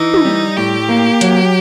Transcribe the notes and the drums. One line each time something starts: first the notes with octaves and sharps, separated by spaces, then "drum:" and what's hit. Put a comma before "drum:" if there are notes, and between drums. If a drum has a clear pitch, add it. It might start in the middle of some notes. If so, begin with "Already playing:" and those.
Already playing: E3 D#4
drum: tom
G3
A2 G4
A#3
F#3, drum: hi-hat